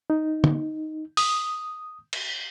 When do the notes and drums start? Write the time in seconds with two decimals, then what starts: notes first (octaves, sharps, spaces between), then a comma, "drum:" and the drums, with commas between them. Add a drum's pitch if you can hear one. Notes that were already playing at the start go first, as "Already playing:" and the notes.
0.10 D#4
0.44 drum: tom
1.17 D#6, drum: open hi-hat
2.13 drum: cymbal